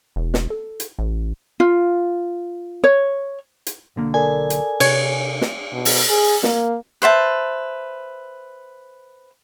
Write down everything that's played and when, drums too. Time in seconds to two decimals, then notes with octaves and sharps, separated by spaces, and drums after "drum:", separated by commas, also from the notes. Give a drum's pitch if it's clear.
0.16 E1
0.34 drum: snare
0.50 A4
0.80 drum: hi-hat
0.99 A1
1.60 F4
2.84 C#5
3.67 drum: hi-hat
3.96 B1 D3 A#3
4.14 A4 A#4 D5 G#5
4.50 drum: hi-hat
4.80 C3 G4 B4 C#5, drum: cymbal
5.41 drum: snare
5.73 B2
5.85 drum: open hi-hat
6.09 G#4
6.43 A#3, drum: snare
7.02 B4 C5 E5 A5